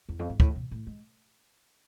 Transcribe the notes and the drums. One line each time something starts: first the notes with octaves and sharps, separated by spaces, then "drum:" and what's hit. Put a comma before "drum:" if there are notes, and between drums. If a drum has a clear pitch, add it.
E2
F2
G#2
A2, drum: kick
B2
A2
G#3